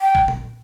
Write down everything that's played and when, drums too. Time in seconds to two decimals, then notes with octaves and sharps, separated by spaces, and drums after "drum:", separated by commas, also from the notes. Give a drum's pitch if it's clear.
0.01 G5
0.15 drum: kick
0.28 drum: tom A#2